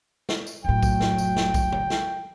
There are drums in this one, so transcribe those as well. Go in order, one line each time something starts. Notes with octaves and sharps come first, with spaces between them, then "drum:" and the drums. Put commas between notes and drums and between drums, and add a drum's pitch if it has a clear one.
drum: snare
drum: tambourine
F1 A2 F#3 G5
drum: kick B1, tambourine
drum: snare
drum: tambourine
drum: snare
drum: kick B1, tambourine
drum: tom
drum: snare